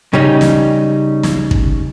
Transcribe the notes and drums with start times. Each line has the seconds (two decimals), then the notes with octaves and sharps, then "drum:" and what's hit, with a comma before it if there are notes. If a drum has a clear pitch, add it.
0.13 C#3 G3 C#4 D#4
0.41 drum: snare
1.23 drum: snare
1.51 drum: kick